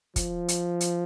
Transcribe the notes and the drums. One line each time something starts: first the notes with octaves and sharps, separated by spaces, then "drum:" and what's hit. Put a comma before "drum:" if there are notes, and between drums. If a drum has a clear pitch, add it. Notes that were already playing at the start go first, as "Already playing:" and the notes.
F3, drum: kick, hi-hat
drum: hi-hat
drum: hi-hat